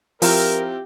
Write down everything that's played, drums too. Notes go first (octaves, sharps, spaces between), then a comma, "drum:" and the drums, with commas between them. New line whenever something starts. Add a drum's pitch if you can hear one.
F3 C4 E4 F4 G4 A#4, drum: open hi-hat